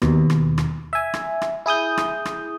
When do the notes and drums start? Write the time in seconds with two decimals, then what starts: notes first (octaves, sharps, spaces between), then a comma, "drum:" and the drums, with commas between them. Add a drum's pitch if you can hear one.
0.02 D#2 B2, drum: rim click
0.30 drum: rim click
0.58 drum: rim click
0.93 E5 G#5
1.14 drum: rim click
1.42 drum: rim click
1.66 E4 G#4 D#6 G6
1.97 drum: rim click
2.25 drum: rim click